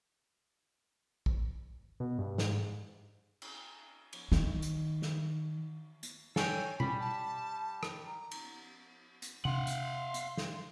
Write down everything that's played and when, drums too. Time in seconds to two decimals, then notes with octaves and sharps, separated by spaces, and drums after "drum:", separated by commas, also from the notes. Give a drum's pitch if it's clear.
1.26 drum: kick A1
2.00 B2
2.18 G2
2.38 G#2, drum: snare
3.42 drum: cymbal
4.13 drum: cymbal
4.32 D#3, drum: snare
4.62 drum: hi-hat
5.02 drum: snare
6.03 drum: hi-hat
6.36 A4 C#5 G5 G#5, drum: snare
6.80 G3 B5, drum: tom B2
7.00 A5
7.83 drum: rim click
8.06 A#5
8.31 drum: cymbal
9.22 drum: hi-hat
9.45 C3 D4 F5 F#5 C6
9.67 drum: hi-hat
10.14 drum: hi-hat
10.37 drum: snare